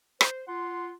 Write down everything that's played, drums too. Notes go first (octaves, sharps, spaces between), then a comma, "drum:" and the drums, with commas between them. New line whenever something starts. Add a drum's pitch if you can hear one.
C5, drum: rim click
F4 F#5 C6